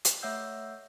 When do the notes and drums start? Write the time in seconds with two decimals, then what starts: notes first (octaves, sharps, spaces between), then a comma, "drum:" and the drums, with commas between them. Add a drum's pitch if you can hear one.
0.05 drum: hi-hat
0.22 A3 C#5 E5 F#5 E6 G6